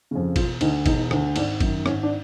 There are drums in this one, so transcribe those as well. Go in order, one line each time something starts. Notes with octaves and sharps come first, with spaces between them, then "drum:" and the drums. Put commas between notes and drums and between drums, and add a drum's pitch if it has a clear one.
F2 C#3
E1 F4, drum: kick G#1, cymbal
D2 D3 D#4, drum: cymbal
E1 D#4, drum: kick G#1, cymbal
D2 D3, drum: rim click
G#1 D4, drum: cymbal
F#2 D#3, drum: kick G#1, cymbal
G#1 C#4, drum: rim click
D4